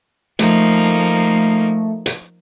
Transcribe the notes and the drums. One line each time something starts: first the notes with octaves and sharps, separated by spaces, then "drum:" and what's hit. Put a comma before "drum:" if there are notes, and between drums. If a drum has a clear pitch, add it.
F3 A3 A#3 D#4, drum: hi-hat
drum: hi-hat